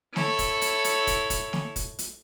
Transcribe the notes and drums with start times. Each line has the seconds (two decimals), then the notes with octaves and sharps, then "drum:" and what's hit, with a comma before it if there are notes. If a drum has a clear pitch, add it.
0.16 E4 A4 C#5, drum: snare
0.39 drum: kick, hi-hat
0.61 drum: hi-hat
0.84 drum: hi-hat
1.07 drum: kick, hi-hat
1.30 drum: kick, hi-hat
1.53 drum: snare
1.76 drum: kick, hi-hat
1.99 drum: hi-hat